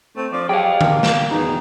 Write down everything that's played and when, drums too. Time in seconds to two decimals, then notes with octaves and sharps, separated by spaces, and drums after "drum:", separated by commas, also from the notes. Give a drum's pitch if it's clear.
0.16 A3 C4
0.33 F3 D5
0.49 F#3 G4 G#4 F5 G5
0.81 A#2 A#3, drum: tom D3
1.03 drum: snare
1.31 E2 B2 D#4 G#4